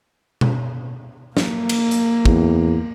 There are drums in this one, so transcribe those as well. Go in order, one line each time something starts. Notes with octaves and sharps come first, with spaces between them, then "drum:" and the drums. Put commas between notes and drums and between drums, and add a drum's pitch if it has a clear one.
drum: tom B2
A#3, drum: snare
drum: cymbal
drum: hi-hat
E2, drum: kick